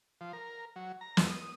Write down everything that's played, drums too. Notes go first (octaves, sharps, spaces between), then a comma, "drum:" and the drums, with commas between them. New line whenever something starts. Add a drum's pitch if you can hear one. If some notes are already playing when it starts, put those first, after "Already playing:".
F3
A#4
F#3
A#5
F2, drum: snare
D#6